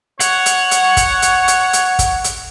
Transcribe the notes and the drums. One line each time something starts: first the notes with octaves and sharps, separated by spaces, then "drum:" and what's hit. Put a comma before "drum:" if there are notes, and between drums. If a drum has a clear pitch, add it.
C#5 F#5, drum: hi-hat
drum: hi-hat
drum: hi-hat
drum: kick, hi-hat
drum: hi-hat
drum: hi-hat
drum: hi-hat
drum: kick, hi-hat
drum: hi-hat